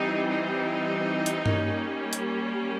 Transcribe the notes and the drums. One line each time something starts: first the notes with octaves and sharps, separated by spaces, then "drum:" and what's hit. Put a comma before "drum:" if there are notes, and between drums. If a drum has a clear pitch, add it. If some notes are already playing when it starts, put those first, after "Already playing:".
Already playing: E3 G3 C4 D#4
D#4
drum: hi-hat
G3 A#3 C#4, drum: tom G2
drum: hi-hat